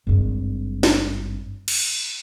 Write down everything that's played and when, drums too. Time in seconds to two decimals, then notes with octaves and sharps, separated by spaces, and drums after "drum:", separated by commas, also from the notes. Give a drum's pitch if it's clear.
0.07 G#1 G2
0.83 drum: snare
1.68 drum: cymbal